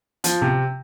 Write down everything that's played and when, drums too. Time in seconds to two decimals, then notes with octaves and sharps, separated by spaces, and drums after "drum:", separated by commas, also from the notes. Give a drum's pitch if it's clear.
0.24 F3, drum: hi-hat
0.41 C3